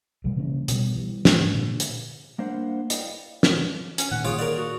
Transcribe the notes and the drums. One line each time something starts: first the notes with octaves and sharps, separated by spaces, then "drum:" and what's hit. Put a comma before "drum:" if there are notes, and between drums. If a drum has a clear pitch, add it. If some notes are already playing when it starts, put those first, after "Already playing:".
B2 E3 G3 G#3
C#3 E3 A#3 C#4
B2 G3, drum: hi-hat
E3 G3
G#2 G#3, drum: snare
A#2 D3 A#3
drum: hi-hat
G3 A#3 D4 C5 F5 F#5
E4 D5 D#5 F5 G5, drum: hi-hat
drum: snare
C#4, drum: hi-hat
A#2 D#3 F#5
F4 G#4 C#5 D6
A#4 D5
F#4